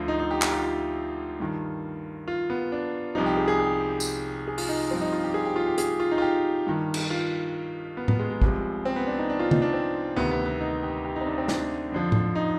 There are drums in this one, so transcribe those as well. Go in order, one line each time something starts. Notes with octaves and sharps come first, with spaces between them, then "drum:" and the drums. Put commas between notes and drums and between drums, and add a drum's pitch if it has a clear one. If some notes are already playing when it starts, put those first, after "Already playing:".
Already playing: D2 D3 F3 F4
D#4
D#4
G4
G4, drum: clap
F4
G2 D#3
F4
B3
D4
C2 C3 F3 D#4
G4
G#4
G#4
G4
drum: tambourine
G#4
F4, drum: open hi-hat
D#4
G2 F3 C4
D#4
F4
G4
G#4
G4
F4
G4
G#4, drum: hi-hat
F4
D#4
F4
G4
G2 D#3
drum: cymbal
F4
B3
B3, drum: tom A2
G#3
G#3
C2 C3 F3, drum: kick A1
C4
B3
D4
D#4
D4
F4
D#4, drum: tom D3
D4
C4
D2 C3 D#3 B3
B3
B3
D#4
G4
G4
D#4
C4
D4
C4
D4, drum: snare
F2 D3 F3
drum: tom A2
D#4